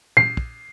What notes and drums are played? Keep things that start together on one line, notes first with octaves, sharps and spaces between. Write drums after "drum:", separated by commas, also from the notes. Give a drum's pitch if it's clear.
C7, drum: tom A#2
drum: kick